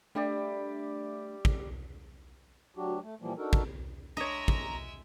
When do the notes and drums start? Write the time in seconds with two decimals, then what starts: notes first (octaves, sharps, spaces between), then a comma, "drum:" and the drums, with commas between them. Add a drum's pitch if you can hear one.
0.15 G3 A3 D4 G4 D5 E5
1.45 drum: kick
2.75 D2 F#3 D4 F#4 G4
3.02 A3
3.21 A#2 E3 F3 G3 A#3
3.38 D4 D#4 F#4 A4 A#4
3.53 drum: kick
4.17 G#3 D4 C#5 D#5 E5 A#5
4.48 drum: kick